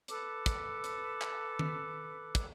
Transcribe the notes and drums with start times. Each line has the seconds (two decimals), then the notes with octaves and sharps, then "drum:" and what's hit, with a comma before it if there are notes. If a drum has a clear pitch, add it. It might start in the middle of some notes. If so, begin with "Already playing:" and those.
0.08 A4 B4 D6, drum: hi-hat
0.46 drum: kick, hi-hat
0.84 drum: hi-hat
1.22 drum: clap
1.59 drum: tom D#3
2.35 drum: kick, hi-hat